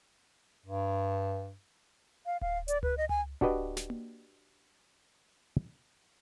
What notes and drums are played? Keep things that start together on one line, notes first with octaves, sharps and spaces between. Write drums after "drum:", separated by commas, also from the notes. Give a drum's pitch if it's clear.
G2
F5
F5, drum: kick D1
D5, drum: hi-hat
B4, drum: tom C#2
D#5
G#5, drum: tom C#2
D4 F#4 G4 B4 D#5, drum: kick D1
drum: snare
drum: tom A#3